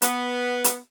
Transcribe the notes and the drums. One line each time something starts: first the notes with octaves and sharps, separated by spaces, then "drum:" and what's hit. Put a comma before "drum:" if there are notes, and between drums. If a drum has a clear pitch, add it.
B3, drum: hi-hat
drum: hi-hat